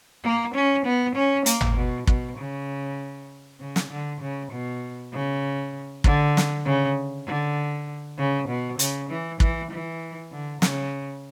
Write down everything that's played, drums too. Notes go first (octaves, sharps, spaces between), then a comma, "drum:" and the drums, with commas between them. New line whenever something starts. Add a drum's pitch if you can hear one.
A#3
C#4
B3
C#4
A#3, drum: hi-hat
drum: tom G#1
B2
B2, drum: kick
C#3
C#3
drum: snare
D3
C#3
B2
C#3
D3, drum: kick
drum: snare
C#3
D3
C#3
B2
C#3, drum: hi-hat
E3
E3, drum: kick
E3
D3
C#3, drum: snare